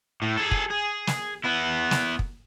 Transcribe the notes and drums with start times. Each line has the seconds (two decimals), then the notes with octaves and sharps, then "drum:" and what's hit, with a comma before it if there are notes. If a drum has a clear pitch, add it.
0.22 A2
0.37 G#4 A4
0.51 drum: kick
0.70 G#4
1.07 drum: snare
1.44 B3 E4
1.91 drum: snare
2.19 drum: kick